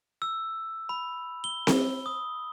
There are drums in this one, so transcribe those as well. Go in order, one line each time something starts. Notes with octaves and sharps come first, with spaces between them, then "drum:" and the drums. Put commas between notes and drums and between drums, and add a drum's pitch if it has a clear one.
E6
B5
G7
drum: snare C4
D#6